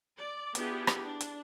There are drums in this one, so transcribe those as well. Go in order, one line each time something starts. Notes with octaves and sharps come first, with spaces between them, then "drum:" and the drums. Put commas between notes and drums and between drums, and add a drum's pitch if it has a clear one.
D5
B3 D4 E4 F4 G4 G#4, drum: hi-hat
drum: rim click
D4
drum: hi-hat